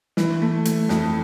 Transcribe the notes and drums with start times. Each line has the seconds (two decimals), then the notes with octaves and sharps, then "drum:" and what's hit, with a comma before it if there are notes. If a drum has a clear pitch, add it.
0.17 E3, drum: snare
0.42 A3
0.65 A3, drum: hi-hat
0.89 F2, drum: snare